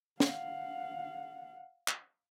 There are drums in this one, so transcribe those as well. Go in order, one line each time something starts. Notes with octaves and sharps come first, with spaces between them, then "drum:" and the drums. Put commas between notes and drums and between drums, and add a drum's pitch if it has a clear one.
F5 F#5, drum: snare
drum: clap